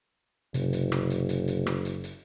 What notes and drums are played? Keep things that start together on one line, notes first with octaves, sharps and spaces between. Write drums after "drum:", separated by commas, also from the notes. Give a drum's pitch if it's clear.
F#1 C3, drum: hi-hat
drum: hi-hat
drum: rim click
drum: hi-hat
drum: hi-hat
drum: hi-hat
drum: rim click
drum: hi-hat
drum: hi-hat